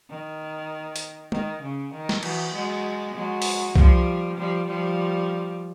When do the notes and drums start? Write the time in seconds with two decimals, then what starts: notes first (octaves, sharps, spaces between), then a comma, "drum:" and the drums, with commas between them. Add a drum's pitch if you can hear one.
0.10 D#3
0.96 drum: hi-hat
1.32 D#3, drum: tom
1.62 C#3
1.93 D#3
2.09 drum: snare
2.23 E3 F#3, drum: cymbal
2.53 F#3 G#3
3.15 F#3 G#3
3.42 drum: open hi-hat
3.76 F3 G3, drum: kick C2
4.37 F3 G3
4.67 F3 G3